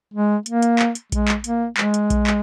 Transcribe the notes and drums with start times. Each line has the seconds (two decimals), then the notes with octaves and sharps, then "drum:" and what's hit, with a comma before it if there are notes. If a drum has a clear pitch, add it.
0.14 G#3
0.46 A#3, drum: hi-hat
0.62 drum: hi-hat
0.79 drum: clap
0.95 drum: hi-hat
1.12 G#3, drum: kick A#1, hi-hat
1.28 drum: clap
1.44 A#3, drum: hi-hat
1.77 G#3, drum: clap
1.94 drum: hi-hat
2.10 drum: kick A#1, hi-hat
2.27 drum: clap